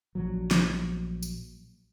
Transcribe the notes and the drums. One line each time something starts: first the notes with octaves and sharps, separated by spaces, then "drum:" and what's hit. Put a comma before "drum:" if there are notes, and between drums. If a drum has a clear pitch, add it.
A#1 F#3
drum: snare
drum: tambourine